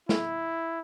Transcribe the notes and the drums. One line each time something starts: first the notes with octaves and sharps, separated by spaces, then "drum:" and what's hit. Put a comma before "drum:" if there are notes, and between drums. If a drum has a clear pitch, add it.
E4, drum: snare